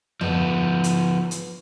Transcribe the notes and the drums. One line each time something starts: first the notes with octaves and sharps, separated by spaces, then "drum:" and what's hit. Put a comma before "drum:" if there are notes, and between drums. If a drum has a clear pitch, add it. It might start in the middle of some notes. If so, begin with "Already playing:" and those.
F3 B3, drum: tom F2
drum: hi-hat
drum: hi-hat